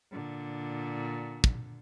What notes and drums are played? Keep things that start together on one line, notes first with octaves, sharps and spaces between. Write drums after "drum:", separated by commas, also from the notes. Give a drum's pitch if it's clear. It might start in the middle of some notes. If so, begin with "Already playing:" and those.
A#2 D3
drum: kick